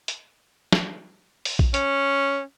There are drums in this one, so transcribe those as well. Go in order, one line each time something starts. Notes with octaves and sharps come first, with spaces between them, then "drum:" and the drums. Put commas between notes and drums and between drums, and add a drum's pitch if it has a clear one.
drum: hi-hat
drum: snare
drum: open hi-hat
drum: kick A#1
C#4, drum: hi-hat